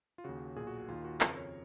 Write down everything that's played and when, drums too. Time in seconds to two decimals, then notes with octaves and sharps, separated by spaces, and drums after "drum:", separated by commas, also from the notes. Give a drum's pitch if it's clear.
0.18 F4
0.24 D#2 C#3 F#4
0.56 B1 A#2 G#4
0.67 F#4
0.78 F#4
0.88 D#2 D#3 F4
1.05 F#4
1.21 F2 C#3 A#4, drum: clap
1.37 C#5